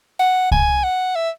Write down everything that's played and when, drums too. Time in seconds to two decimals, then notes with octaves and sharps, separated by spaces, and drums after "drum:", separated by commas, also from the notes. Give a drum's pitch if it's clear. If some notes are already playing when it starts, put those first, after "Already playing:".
0.19 F#5
0.51 G#5, drum: kick C2
0.84 F#5
1.15 E5